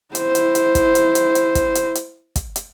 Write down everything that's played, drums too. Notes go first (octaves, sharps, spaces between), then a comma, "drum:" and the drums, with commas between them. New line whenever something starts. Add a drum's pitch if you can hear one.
E4 C5, drum: hi-hat
drum: hi-hat
drum: hi-hat
drum: kick, hi-hat
drum: hi-hat
drum: hi-hat
drum: hi-hat
drum: kick, hi-hat
drum: hi-hat
drum: hi-hat
drum: kick, hi-hat
drum: hi-hat